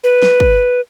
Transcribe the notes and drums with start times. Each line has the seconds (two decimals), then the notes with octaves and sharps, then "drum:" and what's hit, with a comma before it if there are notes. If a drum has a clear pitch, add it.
0.04 B4
0.23 drum: snare
0.40 drum: kick